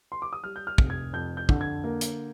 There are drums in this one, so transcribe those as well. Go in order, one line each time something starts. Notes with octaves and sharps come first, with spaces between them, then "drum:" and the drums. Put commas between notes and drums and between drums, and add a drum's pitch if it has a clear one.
C6
D6
D#6
G3 F6
G6
F6
F1, drum: kick
G#6
F2 G6
G6
D3, drum: kick
G#6
A#3
drum: hi-hat